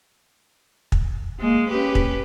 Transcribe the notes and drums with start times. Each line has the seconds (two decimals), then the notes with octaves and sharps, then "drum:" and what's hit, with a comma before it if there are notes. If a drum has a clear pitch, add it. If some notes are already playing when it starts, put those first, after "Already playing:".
0.92 drum: kick
1.39 G#3 A#3
1.69 C#4 G4 B4
1.95 drum: kick